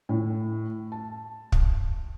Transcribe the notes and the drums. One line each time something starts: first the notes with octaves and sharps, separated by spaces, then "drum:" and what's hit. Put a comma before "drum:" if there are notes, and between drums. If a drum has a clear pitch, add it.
A2
A5
drum: kick